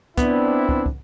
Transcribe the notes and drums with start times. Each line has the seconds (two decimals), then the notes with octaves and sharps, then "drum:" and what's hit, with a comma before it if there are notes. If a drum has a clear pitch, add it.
0.17 B3 C4 D4 E4, drum: kick, hi-hat
0.69 drum: kick
0.86 drum: kick